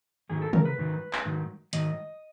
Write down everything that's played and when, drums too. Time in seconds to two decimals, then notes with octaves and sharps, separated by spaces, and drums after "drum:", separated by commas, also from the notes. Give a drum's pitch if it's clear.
0.29 G#2 D#3 F#3 G#4
0.42 A4
0.53 A#4, drum: tom
0.65 B4
0.78 G#2 D#3 F#3
1.13 drum: clap
1.25 G#2 D#3 F#3
1.73 G#2 D#3 F#3 D#5, drum: hi-hat